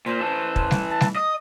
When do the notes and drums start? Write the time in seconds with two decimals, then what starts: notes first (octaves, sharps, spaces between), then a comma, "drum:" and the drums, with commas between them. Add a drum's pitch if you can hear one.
0.06 A#2 C5
0.20 E3 A4
0.56 drum: kick
0.71 drum: snare G3
0.90 A5
1.01 drum: snare G3
1.15 D#5 D#6